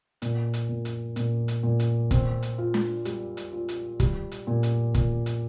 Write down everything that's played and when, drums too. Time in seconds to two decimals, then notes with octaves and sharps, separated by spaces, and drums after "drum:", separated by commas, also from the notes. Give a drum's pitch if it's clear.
0.22 A#2, drum: hi-hat
0.53 drum: hi-hat
0.69 A#2
0.85 drum: hi-hat
1.16 A#2, drum: hi-hat
1.48 drum: hi-hat
1.63 A#2
1.79 drum: hi-hat
2.11 C4, drum: kick, hi-hat
2.42 drum: hi-hat
2.58 F4
2.74 drum: snare
3.05 G3, drum: hi-hat
3.37 drum: hi-hat
3.53 F4
3.68 drum: hi-hat
4.00 G3, drum: kick, hi-hat
4.31 drum: hi-hat
4.47 A#2
4.63 drum: hi-hat
4.95 A#2, drum: kick, hi-hat
5.26 drum: hi-hat